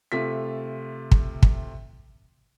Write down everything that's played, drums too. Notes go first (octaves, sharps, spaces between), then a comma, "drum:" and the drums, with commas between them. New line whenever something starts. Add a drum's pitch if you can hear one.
C3 A3 F4 B6
drum: kick
drum: kick